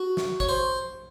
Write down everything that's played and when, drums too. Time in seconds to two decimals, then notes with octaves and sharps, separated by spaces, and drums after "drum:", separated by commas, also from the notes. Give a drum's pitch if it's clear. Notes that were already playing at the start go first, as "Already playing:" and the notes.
Already playing: F#4
0.17 drum: snare
0.40 C#5, drum: kick G#1
0.49 C5